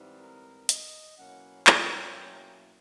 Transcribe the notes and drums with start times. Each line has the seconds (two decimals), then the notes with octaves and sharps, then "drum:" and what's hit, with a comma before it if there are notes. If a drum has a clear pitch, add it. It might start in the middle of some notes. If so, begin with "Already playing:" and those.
Already playing: G#2 E3 G3 C4
0.19 A#4
0.69 D#5, drum: hi-hat
1.17 B2 F#3 A#3 C#4 E4 F#5
1.67 G5, drum: clap